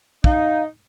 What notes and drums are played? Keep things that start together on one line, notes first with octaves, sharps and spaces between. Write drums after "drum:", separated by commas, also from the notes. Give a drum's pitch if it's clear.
D#4 F5, drum: kick